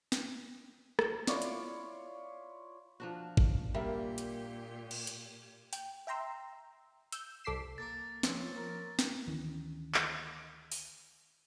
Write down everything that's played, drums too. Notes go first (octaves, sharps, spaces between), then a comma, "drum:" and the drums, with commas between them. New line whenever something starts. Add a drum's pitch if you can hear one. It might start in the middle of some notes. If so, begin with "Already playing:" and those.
drum: snare
drum: rim click
E4 F4 C#5 D5, drum: snare
drum: hi-hat
F3 D4 F#4
drum: kick G#1
A#2 G3 A#3 G4 E5
drum: hi-hat
drum: cymbal
drum: hi-hat
G5, drum: hi-hat
E5 G5 A#5 C6 E6
E6 G6, drum: hi-hat
C2 A4 D6 B6 C7 E7
A#3 A#4 A6
F3 A#3 C4 C#4, drum: snare
A#4
drum: snare
D2 D#3 E3 C#4
drum: clap
drum: open hi-hat